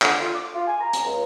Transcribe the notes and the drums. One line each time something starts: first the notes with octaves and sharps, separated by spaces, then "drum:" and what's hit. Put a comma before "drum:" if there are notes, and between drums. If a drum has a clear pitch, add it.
D3, drum: clap
F4
D6
F4
G#5
A#5
drum: hi-hat
C#2